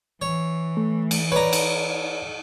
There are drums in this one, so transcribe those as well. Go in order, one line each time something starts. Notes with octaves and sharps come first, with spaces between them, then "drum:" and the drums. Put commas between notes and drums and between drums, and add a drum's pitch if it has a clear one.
E3 C#5
A3
drum: cymbal
B4 C#5 D5 A#5
drum: cymbal